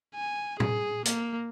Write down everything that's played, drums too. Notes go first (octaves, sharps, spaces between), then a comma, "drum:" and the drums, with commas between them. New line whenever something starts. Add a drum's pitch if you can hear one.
G#5
G#4, drum: tom
A#3, drum: hi-hat